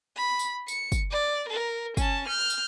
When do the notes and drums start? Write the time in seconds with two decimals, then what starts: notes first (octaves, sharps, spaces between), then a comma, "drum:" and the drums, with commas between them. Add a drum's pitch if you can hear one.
0.16 B5
0.39 drum: tambourine
0.68 C#7, drum: tambourine
0.92 drum: kick, tambourine
1.11 D5
1.49 A#4
1.97 C#4 A5, drum: kick, tambourine
2.27 F6 G6
2.50 drum: tambourine